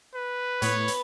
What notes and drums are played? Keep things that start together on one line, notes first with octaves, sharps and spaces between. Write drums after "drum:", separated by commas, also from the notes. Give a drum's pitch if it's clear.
B4
A2 B3 C#5, drum: hi-hat
drum: hi-hat